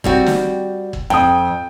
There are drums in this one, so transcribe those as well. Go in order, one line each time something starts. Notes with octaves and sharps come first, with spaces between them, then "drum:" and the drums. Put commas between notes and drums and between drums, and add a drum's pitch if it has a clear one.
G3 C4 F#4, drum: kick
drum: snare
drum: kick
F2 G5 D#6